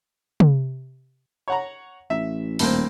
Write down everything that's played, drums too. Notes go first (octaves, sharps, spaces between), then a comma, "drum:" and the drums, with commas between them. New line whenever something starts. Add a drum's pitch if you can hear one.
drum: tom
C#5 F#5 A#5
A1 E5
D#1 A2 A#3 C4, drum: open hi-hat